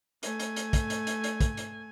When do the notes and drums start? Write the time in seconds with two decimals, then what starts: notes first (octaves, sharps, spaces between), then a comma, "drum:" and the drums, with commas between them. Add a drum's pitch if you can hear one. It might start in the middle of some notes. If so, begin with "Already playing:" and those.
0.23 A3 G#5, drum: hi-hat
0.40 drum: hi-hat
0.56 drum: hi-hat
0.73 drum: kick, hi-hat
0.90 drum: hi-hat
1.07 drum: hi-hat
1.24 drum: hi-hat
1.41 drum: kick, hi-hat
1.57 drum: hi-hat